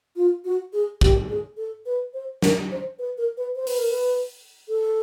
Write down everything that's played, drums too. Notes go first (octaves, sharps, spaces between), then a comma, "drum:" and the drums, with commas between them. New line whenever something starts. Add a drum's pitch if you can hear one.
F4
F#4
G#4
G4, drum: kick
G#4
A4
B4
C5
A#4, drum: snare
C5
B4
A#4
B4
C5
B4, drum: open hi-hat
A#4
B4
A4